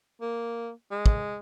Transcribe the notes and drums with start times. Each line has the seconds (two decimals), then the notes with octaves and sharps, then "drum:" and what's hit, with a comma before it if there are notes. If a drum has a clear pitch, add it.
0.21 A#3
0.91 G#3
1.06 drum: kick